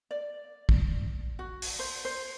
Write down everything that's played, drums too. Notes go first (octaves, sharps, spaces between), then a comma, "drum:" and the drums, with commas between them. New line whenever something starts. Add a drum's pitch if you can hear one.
D5
drum: kick
F#4
drum: open hi-hat
C5
C5